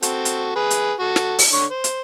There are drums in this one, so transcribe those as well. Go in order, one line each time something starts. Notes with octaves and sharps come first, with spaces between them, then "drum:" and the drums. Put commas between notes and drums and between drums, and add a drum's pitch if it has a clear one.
C4 F#4 A4, drum: hi-hat
drum: hi-hat
G#4 B4
drum: hi-hat
F#4 A4
drum: snare
drum: open hi-hat
D3 C#5 C#6
C5
drum: hi-hat